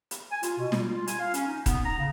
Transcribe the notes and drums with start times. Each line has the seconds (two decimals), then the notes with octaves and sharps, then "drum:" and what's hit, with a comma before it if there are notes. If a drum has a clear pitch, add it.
0.11 drum: hi-hat
0.31 G#5
0.43 F4, drum: hi-hat
0.58 B2
0.72 G3, drum: snare
0.89 F4
1.07 G#5, drum: hi-hat
1.19 F5
1.34 C#4, drum: hi-hat
1.48 D#4
1.66 B3, drum: kick D#1, hi-hat
1.85 A#5
1.98 C#3